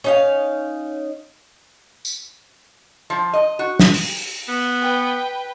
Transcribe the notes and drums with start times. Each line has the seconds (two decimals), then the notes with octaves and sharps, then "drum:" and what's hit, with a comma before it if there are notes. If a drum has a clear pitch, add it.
0.04 C#4 D#4 F5
2.05 drum: tambourine
3.10 F3
3.33 D#5
3.59 F#4
3.80 drum: snare
3.94 drum: open hi-hat
4.48 B3
4.81 B4 G5